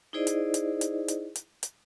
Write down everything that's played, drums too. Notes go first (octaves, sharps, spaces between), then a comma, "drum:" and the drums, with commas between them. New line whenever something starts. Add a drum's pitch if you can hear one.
D#4 E4 G#4 C5 D5 D#5
drum: hi-hat
drum: hi-hat
drum: hi-hat
drum: hi-hat
drum: hi-hat
drum: hi-hat